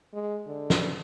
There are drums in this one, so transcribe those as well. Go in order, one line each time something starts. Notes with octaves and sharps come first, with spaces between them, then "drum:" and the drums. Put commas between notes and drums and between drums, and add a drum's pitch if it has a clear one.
G#3
D3
drum: snare